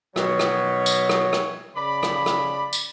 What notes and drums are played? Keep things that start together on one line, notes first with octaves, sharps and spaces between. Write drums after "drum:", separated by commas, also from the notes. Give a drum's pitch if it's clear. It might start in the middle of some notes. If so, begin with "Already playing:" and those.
B2 D#3 F#3 C#5, drum: rim click
drum: rim click
drum: tambourine
drum: rim click
drum: rim click
C#3 D5 B5
drum: rim click
drum: rim click
drum: tambourine